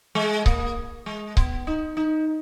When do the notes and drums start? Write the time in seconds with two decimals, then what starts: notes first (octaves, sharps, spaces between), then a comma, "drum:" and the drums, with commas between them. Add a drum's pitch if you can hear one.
0.15 G#3
0.46 A#3, drum: kick C#1
1.06 G#3
1.37 B3, drum: kick C#1
1.67 D#4
1.97 D#4